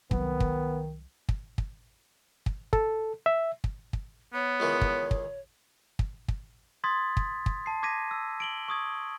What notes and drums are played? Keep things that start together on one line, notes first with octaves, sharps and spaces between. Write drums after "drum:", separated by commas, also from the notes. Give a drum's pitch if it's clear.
C2 D#3 F#3 B3, drum: kick
drum: kick
drum: kick
drum: kick
drum: kick
A4, drum: kick
E5
drum: kick
drum: kick
B3 C#5
C#2 D#3 E3
drum: kick
drum: kick
drum: kick
drum: kick
C6 D#6 G#6 A6 B6
drum: kick
drum: kick
A5 C7
D6 G#6 A#6 B6 D#7
E6
D7 F#7 G7
C#6 D#6 G#6